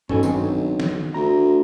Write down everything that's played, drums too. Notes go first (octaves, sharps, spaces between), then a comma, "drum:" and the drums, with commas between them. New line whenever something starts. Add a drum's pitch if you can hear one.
B1 C#4 A4 G#5, drum: tom G2
D#3 C4 D4, drum: tambourine
drum: snare
D2 A#5